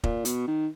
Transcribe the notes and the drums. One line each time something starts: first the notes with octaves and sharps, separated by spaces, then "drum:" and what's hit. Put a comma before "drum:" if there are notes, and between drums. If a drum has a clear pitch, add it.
A#2, drum: kick
B2, drum: hi-hat
D#3